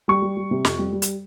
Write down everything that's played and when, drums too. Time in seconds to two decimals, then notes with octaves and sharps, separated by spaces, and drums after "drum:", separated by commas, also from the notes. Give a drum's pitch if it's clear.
0.08 G3 C#6
0.22 G3
0.37 G3
0.51 C3
0.65 F2, drum: snare
0.78 G3
0.92 G3
1.02 drum: hi-hat